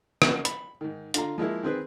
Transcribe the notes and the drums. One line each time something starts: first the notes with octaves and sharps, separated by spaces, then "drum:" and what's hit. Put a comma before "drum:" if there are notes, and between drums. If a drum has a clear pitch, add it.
A#3 C#4 F#4, drum: rim click
B5, drum: hi-hat
G#2 D#3
D3 F4 F5 A#5, drum: hi-hat
F3 G#3 A#3 E4
D#3 C4 G#4 B4